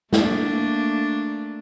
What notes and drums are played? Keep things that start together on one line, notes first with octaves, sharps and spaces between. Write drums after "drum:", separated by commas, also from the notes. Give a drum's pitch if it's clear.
A3 A#3 D4, drum: snare